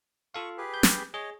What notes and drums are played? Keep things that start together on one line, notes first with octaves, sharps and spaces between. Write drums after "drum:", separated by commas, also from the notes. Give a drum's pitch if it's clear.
F4 A4 F5 C#6
G4 G#4 B4
G6
drum: snare
G#4 C#5 D#5